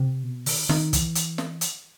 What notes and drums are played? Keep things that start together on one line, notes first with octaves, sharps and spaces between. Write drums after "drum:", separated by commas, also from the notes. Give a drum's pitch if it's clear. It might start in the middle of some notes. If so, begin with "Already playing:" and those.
Already playing: C3
B2
D#3, drum: open hi-hat
D#3, drum: snare
E3, drum: kick, hi-hat
drum: hi-hat
drum: snare
drum: hi-hat